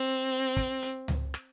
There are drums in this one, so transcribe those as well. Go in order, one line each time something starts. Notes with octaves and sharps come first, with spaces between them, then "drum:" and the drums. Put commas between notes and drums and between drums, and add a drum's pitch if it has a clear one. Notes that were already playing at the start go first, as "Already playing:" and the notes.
Already playing: C4
drum: kick, hi-hat
drum: hi-hat
drum: tom C#2
drum: rim click